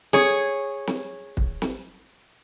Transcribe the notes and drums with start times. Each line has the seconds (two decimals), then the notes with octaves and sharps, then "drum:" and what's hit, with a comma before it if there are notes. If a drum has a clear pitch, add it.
0.13 G#4 C#5, drum: snare
0.87 drum: snare
1.37 drum: kick
1.62 drum: snare